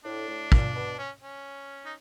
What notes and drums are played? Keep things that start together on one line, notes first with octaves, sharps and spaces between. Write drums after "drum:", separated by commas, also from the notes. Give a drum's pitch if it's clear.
A2 D4
A2
A#2, drum: kick
B2
C#4
C#4
D#4